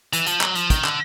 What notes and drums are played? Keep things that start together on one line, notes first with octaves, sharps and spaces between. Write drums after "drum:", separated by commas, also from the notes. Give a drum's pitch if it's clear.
E3, drum: hi-hat
F3, drum: hi-hat
F#3, drum: clap
F3, drum: hi-hat
D#3, drum: kick, hi-hat
D3, drum: clap